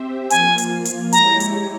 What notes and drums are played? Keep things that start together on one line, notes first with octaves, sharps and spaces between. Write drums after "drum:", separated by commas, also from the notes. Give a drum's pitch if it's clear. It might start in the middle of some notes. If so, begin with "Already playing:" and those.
Already playing: C4 G4 C5 E5
F3 A#3 F4 G#5, drum: hi-hat
drum: hi-hat
drum: hi-hat
G#3 E4 G4 C#5 A#5, drum: hi-hat
drum: hi-hat